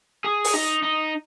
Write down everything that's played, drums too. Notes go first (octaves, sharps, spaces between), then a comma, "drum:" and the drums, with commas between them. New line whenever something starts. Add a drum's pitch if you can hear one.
G#4
drum: open hi-hat
D#4
D#4